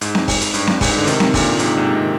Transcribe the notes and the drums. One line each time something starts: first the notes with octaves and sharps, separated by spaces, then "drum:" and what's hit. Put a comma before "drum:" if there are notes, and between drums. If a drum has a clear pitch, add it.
G#2, drum: hi-hat
drum: snare C4
drum: kick, open hi-hat
drum: hi-hat
G2, drum: hi-hat
drum: snare C4
G#2, drum: kick, open hi-hat
D3
C3 D#3, drum: hi-hat
drum: snare C4
A#2 D3, drum: kick, open hi-hat
A#2
G#2 C3, drum: hi-hat
G#2 C3
C3
D#3